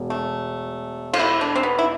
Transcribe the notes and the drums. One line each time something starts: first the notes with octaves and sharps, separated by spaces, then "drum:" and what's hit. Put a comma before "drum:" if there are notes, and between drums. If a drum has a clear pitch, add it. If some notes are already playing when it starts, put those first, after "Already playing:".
Already playing: E1
A3
F4, drum: cymbal
E4
D4
C4
B3
E4